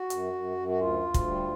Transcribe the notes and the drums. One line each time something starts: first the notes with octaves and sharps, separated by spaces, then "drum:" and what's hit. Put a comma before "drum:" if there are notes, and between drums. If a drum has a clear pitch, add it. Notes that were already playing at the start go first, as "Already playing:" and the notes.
Already playing: F#4
F#2, drum: hi-hat
F#2
F#2
F#4
D2 F4
D2
drum: kick, hi-hat
G3